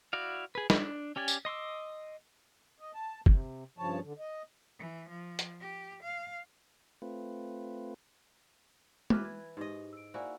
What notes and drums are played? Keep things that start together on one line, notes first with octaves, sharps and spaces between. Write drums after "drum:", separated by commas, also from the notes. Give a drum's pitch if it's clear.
E4 F#4 D5 F5
G#4 B4
D4, drum: snare
C#4 G4 D5 G#5
drum: tambourine
D#5 C6 D6 E6
D#5
A5
C3, drum: kick
G2 C#3 F3 C#5 A5
D3
D#5
E3
F3
drum: hi-hat
G4
F5
A3 C4 F4 B4
E3 F#4 B4 D6 F6, drum: tom G#3
G#6
G#2 D#4 G4 D#5
E6 D7
A#3 E4 F#4 C5 D5 G#5